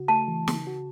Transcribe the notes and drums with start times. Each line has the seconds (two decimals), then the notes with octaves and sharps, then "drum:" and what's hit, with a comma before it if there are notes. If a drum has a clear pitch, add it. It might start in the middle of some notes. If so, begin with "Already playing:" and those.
Already playing: C#3 F#4
0.08 A3 A5
0.28 E3
0.48 C#3, drum: snare
0.67 F#4